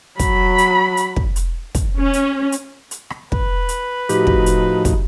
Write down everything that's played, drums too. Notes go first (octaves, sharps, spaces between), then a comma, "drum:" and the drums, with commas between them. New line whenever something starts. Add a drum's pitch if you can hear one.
F#3 B5, drum: kick, hi-hat
drum: hi-hat
drum: hi-hat
drum: kick
drum: hi-hat
drum: kick, hi-hat
C#4
drum: hi-hat
drum: hi-hat
drum: hi-hat
drum: rim click
B4, drum: kick
drum: hi-hat
A2 F3 D#4 F#4 G4, drum: hi-hat
drum: kick
drum: hi-hat
drum: kick, hi-hat